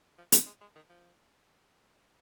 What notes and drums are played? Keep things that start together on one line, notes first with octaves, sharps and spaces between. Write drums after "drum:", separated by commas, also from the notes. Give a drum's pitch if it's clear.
F3
G#3, drum: hi-hat
G#3
G#3
D#3
F3